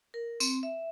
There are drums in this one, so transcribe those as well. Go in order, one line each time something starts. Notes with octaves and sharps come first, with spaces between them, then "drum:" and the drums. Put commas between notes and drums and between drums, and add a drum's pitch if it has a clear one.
A#4
C4, drum: tambourine
E5